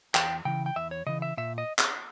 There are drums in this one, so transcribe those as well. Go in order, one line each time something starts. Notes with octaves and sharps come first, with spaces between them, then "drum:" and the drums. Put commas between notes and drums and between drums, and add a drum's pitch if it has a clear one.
E2 G5, drum: clap
C#3 E3 G5
G5
E2 E5
C#5
C#3 E3 D#5
E5
A#2 E5
D#5
drum: clap